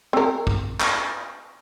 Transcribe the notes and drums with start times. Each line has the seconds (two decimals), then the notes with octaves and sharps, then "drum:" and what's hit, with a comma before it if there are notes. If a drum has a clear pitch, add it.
0.13 C4 A#4
0.47 drum: kick
0.80 drum: clap